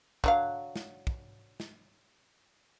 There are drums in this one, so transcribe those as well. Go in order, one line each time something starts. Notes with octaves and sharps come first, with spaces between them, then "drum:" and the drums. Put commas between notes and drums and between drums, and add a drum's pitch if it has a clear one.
D3 F#3 F5, drum: kick
drum: snare
drum: kick
drum: snare